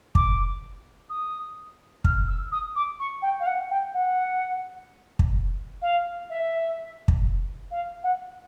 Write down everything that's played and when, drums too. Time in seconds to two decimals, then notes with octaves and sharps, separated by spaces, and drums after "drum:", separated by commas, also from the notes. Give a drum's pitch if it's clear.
0.15 D6, drum: kick
1.09 D#6
2.04 F6, drum: kick
2.28 E6
2.52 D#6
2.76 D6
2.99 C#6
3.22 G5
3.40 F5
3.46 F#5
3.70 G5
3.94 F#5
5.19 drum: kick
5.82 F5
6.30 E5
7.08 drum: kick
7.71 F5
8.03 F#5